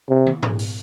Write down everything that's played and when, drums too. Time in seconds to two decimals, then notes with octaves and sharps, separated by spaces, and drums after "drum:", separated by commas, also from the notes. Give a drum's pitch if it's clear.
0.10 C3
0.26 drum: tom
0.43 drum: tom G#2
0.59 drum: open hi-hat